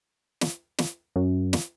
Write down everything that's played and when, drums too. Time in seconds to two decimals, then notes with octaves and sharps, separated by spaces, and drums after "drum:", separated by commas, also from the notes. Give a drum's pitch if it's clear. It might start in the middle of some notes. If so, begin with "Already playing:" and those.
0.41 drum: snare
0.78 drum: snare
1.16 F#2
1.53 drum: snare